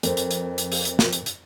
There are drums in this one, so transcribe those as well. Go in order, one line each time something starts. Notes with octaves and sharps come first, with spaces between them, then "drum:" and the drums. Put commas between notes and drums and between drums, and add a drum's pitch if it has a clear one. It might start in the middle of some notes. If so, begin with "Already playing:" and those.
F2 A4 A#4 C5, drum: hi-hat
drum: hi-hat
drum: hi-hat
drum: hi-hat
drum: open hi-hat
drum: hi-hat
drum: snare
drum: hi-hat
drum: hi-hat